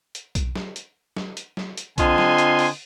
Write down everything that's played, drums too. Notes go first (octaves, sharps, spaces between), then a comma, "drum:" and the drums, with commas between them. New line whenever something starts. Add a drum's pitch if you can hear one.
drum: hi-hat
drum: kick B1, hi-hat
drum: snare
drum: hi-hat
drum: snare
drum: hi-hat
drum: snare
drum: hi-hat
D3 C4 F4 D#5 G#5 C6, drum: kick B1, hi-hat
drum: snare
drum: hi-hat
drum: open hi-hat